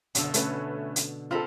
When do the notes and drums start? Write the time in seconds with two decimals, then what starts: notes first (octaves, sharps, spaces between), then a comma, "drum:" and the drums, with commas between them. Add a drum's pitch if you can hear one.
0.15 F#1 B2 D3 A4, drum: hi-hat
0.34 A3 C#4 B4, drum: hi-hat
0.96 drum: hi-hat
1.31 C4 F4 A4 A#5 B5